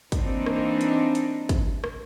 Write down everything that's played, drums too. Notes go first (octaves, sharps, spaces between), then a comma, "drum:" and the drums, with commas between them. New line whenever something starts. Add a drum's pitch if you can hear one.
E3 A#3 C4 D4 D#4, drum: kick, hi-hat
drum: rim click
drum: hi-hat
drum: hi-hat
drum: kick, hi-hat
drum: rim click